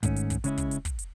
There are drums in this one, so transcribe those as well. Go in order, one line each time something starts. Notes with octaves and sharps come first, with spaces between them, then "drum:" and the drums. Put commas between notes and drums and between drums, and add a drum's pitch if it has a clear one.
G#2 D#3 A3 C#4, drum: kick, hi-hat
drum: hi-hat
drum: kick, hi-hat
C#3 G#3 C#4 E4, drum: hi-hat
drum: kick, hi-hat
drum: hi-hat
drum: kick, hi-hat
drum: hi-hat